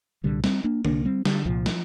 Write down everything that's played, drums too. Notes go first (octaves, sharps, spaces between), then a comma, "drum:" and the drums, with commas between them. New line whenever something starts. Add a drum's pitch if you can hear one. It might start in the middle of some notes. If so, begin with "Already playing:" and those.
C2 A#2 D3 G3
G3 C4, drum: snare
A#3 D4
C2 C3 A#3 D4, drum: tom D3
G3 C4
D3 G3, drum: snare
C2 A#2 F3
drum: snare